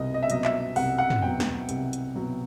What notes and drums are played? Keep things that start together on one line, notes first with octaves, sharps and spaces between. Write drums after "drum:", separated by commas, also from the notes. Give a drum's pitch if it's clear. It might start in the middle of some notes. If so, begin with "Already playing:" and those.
Already playing: C2 B2 D#5
D#5
E5
B2 F#3 D#5, drum: hi-hat
E5, drum: clap
C2 F#5, drum: open hi-hat
F#5
drum: tom
B2 F#3 G5
drum: snare
C2, drum: hi-hat
drum: hi-hat
B2 F#3